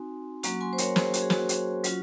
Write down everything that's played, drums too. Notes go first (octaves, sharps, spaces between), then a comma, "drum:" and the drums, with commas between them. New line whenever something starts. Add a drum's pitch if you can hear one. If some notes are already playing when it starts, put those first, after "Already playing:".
Already playing: C4 D#4 F#4 G#5 C6
F#3 A#3 C#4 F#4 A#5 C#6, drum: hi-hat
G#5 C6
C5
A#4 C#5, drum: hi-hat
G#4 C5, drum: snare
F#4, drum: hi-hat
G#4
F#4, drum: snare
drum: hi-hat
F#3 C#4 F4, drum: hi-hat